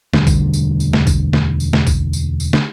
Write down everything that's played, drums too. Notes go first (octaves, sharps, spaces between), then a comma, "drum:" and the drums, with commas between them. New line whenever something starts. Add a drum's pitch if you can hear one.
E1 D2 D3 G3, drum: snare
drum: kick A#1, tambourine
drum: tambourine
drum: tambourine
drum: snare
drum: kick A#1, tambourine
drum: snare
drum: tambourine
drum: snare
drum: kick A#1, tambourine
drum: tambourine
drum: tambourine
drum: snare